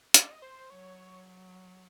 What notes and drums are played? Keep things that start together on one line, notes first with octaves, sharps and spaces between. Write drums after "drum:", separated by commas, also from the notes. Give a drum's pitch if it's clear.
D#5, drum: hi-hat
D5
D#5
C5
F#3 C#5